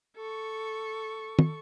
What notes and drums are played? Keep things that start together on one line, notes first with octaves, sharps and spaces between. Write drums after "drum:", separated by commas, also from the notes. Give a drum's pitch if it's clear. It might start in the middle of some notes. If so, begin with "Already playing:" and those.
A4 C#6
drum: tom